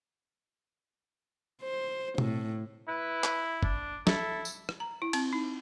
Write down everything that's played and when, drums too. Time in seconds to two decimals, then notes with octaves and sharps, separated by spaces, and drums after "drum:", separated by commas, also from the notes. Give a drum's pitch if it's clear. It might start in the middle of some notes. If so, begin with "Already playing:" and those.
1.62 C5
2.18 A2, drum: tom B2
2.88 E4 B4
3.24 drum: clap
3.63 D4, drum: kick
4.07 E4 A4, drum: snare
4.45 drum: tambourine
4.69 drum: rim click
4.80 A#5
5.02 E4
5.13 C4, drum: cymbal
5.33 D#4